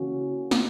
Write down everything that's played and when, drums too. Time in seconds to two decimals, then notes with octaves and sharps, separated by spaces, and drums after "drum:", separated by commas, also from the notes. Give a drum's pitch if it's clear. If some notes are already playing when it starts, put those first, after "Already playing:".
Already playing: C#3 E3 A#3 C#4 F#4
0.51 drum: snare